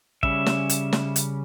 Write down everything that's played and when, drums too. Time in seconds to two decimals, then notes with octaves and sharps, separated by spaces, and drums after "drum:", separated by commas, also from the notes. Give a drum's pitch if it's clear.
0.23 C#3 G3 C#4 E5, drum: kick
0.46 drum: snare
0.69 drum: hi-hat
0.93 drum: snare
1.16 drum: hi-hat